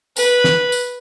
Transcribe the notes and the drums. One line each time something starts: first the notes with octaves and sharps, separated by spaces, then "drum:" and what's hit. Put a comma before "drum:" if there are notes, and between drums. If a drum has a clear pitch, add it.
B4, drum: tambourine
drum: snare
drum: tambourine